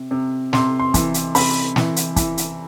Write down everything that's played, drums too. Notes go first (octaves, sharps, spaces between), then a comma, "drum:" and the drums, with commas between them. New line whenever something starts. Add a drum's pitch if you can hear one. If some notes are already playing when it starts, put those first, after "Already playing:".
Already playing: C3
C3
C3 C6, drum: snare
C6
E3, drum: kick, hi-hat
drum: hi-hat
C3 B5, drum: open hi-hat
E3, drum: snare
drum: hi-hat
E3, drum: kick, hi-hat
drum: hi-hat